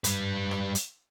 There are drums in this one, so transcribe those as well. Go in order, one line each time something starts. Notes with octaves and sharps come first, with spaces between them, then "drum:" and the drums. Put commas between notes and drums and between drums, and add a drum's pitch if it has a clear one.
G3 B4, drum: hi-hat
drum: rim click
drum: hi-hat